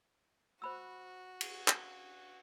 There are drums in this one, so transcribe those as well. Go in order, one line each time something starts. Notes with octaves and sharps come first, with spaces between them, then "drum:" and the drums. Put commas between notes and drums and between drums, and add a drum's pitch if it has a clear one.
F#4 C5 B5 E6
drum: cymbal
drum: clap